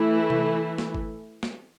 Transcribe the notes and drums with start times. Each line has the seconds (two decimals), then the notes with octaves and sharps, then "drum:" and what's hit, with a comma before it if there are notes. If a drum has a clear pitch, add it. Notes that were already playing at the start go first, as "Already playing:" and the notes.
Already playing: E3 A3 E4
0.30 drum: tom C3
0.78 drum: snare
0.95 drum: kick G1
1.43 drum: snare